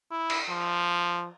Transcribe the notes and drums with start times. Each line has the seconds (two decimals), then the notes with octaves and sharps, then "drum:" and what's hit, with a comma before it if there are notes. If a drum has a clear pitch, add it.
0.11 E4
0.30 drum: cymbal
0.50 F3